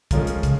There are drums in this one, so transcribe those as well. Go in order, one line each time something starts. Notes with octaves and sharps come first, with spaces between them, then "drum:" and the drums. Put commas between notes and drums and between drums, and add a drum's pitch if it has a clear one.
D3 F3 G#3 C#4 F4 A#4, drum: kick, hi-hat
drum: hi-hat
C#3, drum: kick, hi-hat